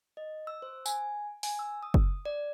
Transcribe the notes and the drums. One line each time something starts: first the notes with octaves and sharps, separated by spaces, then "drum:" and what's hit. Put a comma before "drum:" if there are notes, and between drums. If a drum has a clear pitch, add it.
D#5
E6
C5
G#5, drum: tambourine
G#5, drum: open hi-hat
E6
D#6
drum: kick F#1
D5